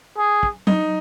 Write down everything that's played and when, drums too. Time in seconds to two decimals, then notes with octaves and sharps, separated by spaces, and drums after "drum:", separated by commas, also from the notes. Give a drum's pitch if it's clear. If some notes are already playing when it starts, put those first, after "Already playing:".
0.17 G#4
0.43 drum: kick
0.67 D#4, drum: tom F#3